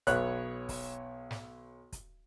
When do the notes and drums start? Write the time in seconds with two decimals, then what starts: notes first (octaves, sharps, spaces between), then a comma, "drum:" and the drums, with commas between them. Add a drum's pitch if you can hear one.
0.07 B1 B3 C#5 F#6, drum: kick, hi-hat
0.69 drum: kick, open hi-hat
1.31 drum: snare
1.92 drum: kick, hi-hat